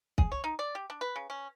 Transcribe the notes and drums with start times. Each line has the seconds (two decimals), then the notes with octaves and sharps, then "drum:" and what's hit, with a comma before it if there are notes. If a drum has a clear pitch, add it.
0.18 G#4, drum: kick
0.32 C#5
0.44 D#4
0.59 D5
0.75 G4
0.90 D4
1.01 B4
1.16 C#3
1.30 C#4